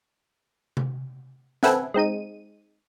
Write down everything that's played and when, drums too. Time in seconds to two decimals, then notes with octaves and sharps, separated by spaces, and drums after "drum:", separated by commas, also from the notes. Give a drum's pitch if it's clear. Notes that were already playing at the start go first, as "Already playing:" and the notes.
0.77 drum: tom C3
1.63 C4 A4 B4 E5 F#5 G#5, drum: snare
1.94 G#3 C4 D#4 D#7